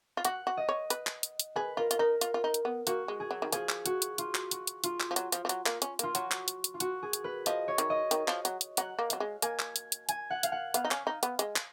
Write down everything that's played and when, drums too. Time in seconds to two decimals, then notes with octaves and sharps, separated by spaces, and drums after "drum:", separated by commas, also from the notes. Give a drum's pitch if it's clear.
0.17 F4
0.25 F#4 F#5, drum: hi-hat
0.47 F#4
0.57 D#5
0.69 C#5
0.90 B4, drum: hi-hat
1.07 drum: clap
1.23 drum: hi-hat
1.40 drum: hi-hat
1.56 G#4 B4
1.77 F4 A#4
1.91 F4, drum: hi-hat
1.99 D#4 A#4
2.21 F4, drum: hi-hat
2.34 F4
2.44 D#4
2.54 drum: hi-hat
2.65 B3
2.87 A#3 F#4, drum: hi-hat
3.08 G#3
3.20 G#4
3.31 F#3
3.42 D#3
3.52 F3 G#4, drum: hi-hat
3.69 drum: clap
3.86 F#4, drum: hi-hat
4.02 drum: hi-hat
4.18 F4, drum: hi-hat
4.35 drum: clap
4.51 F#4, drum: hi-hat
4.67 drum: hi-hat
4.84 F4, drum: hi-hat
5.00 drum: clap
5.11 F3
5.16 F#3, drum: hi-hat
5.32 F3, drum: hi-hat
5.45 F3
5.49 F#3, drum: hi-hat
5.66 A#3, drum: clap
5.82 C#4, drum: hi-hat
5.99 A#3 F4, drum: hi-hat
6.15 F#3 F#4, drum: hi-hat
6.31 drum: clap
6.48 drum: hi-hat
6.64 drum: hi-hat
6.74 F4
6.80 F#4, drum: hi-hat
7.03 G#4
7.13 drum: hi-hat
7.24 B4
7.46 F3 D#5, drum: hi-hat
7.68 C#5
7.78 D#3, drum: hi-hat
7.90 D#5
8.11 D#3, drum: hi-hat
8.28 F3, drum: clap
8.45 F#3, drum: hi-hat
8.61 drum: hi-hat
8.77 F#3 F#5, drum: hi-hat
8.99 A#3
9.10 F#3 F5, drum: hi-hat
9.20 G#3
9.42 A#3 G#5, drum: hi-hat
9.59 drum: clap
9.76 drum: hi-hat
9.92 drum: hi-hat
10.09 G#5, drum: hi-hat
10.30 F#5
10.43 F5, drum: hi-hat
10.52 F#5
10.74 B3 F5, drum: hi-hat
10.84 D#4
10.91 C#4, drum: clap
11.07 D#4
11.23 B3, drum: hi-hat
11.39 G#3, drum: hi-hat
11.56 drum: clap